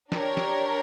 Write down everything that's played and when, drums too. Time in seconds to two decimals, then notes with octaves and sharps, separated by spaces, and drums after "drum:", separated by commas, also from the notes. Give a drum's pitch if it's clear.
0.12 D4 G4 A#4 C#5, drum: snare
0.37 drum: snare